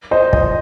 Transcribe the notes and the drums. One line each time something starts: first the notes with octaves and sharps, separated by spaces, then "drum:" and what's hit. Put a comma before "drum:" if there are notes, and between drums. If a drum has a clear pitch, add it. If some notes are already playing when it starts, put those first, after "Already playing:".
C5 D#5
C5 D#5, drum: kick